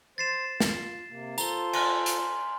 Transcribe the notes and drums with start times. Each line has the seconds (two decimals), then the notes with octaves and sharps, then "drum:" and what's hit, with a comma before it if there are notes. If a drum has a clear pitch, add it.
0.18 C5 A6 C7 E7
0.60 F4, drum: snare
1.08 C3 A#3
1.38 F4 A4 C5 A#5 G7, drum: tambourine
1.73 G#5 C6 F6, drum: cymbal
2.06 drum: hi-hat